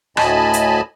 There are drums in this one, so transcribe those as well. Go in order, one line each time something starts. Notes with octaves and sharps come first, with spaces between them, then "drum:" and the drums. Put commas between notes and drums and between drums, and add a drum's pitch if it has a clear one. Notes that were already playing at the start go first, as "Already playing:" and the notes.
D2 A2 D#5 G#5 A5 B5, drum: rim click
drum: hi-hat